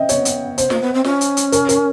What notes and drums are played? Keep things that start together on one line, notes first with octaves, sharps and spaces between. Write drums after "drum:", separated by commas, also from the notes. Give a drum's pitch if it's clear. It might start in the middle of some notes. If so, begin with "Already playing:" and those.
Already playing: D#5 E5 G5
B3 C#5, drum: hi-hat
drum: hi-hat
C5, drum: hi-hat
A#3, drum: snare
B3
C4
C#4, drum: snare
drum: hi-hat
drum: hi-hat
A#4, drum: hi-hat
A#4, drum: hi-hat